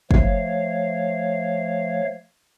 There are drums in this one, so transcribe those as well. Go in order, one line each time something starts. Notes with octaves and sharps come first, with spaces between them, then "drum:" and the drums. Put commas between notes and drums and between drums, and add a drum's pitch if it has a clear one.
F3 A3 C#5 F5, drum: kick